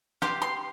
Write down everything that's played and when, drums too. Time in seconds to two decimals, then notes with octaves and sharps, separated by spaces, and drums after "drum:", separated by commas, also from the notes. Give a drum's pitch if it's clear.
0.22 G4 C6, drum: rim click
0.42 C6